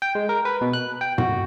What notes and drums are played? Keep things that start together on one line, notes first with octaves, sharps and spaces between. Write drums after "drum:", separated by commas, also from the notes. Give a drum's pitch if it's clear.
G5
G#3
A#4
B4
B2
F#6
G5
F#4, drum: tom